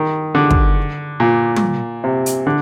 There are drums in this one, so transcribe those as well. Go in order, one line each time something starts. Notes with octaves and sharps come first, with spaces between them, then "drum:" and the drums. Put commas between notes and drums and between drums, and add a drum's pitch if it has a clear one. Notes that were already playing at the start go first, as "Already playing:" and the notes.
Already playing: D#3
D3
drum: kick
A#2
drum: tom
C3
drum: hi-hat
D3